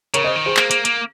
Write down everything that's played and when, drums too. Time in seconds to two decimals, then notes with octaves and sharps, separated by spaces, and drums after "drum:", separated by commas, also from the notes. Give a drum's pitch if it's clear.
0.14 C#3 A#4 C#5, drum: hi-hat
0.24 C5 D#5
0.36 D#3
0.46 G#4 C5
0.57 A#3, drum: clap
0.71 A#3, drum: hi-hat
0.85 A#3, drum: hi-hat